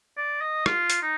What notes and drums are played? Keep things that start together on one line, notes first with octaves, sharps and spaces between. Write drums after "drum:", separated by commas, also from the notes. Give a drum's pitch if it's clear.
D5
D#5
F4, drum: rim click
drum: hi-hat
D#4